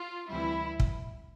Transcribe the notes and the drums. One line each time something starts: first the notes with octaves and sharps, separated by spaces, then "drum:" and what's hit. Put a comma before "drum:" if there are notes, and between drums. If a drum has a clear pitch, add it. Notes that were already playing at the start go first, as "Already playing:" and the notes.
Already playing: F4
D2 C3 E3 G3 E4
drum: kick